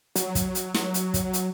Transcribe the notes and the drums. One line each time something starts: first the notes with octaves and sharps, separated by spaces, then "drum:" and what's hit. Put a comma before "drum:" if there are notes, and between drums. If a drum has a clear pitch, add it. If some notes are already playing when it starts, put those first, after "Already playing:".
F#3, drum: hi-hat
drum: kick, hi-hat
drum: hi-hat
drum: snare
drum: hi-hat
drum: kick, hi-hat
drum: hi-hat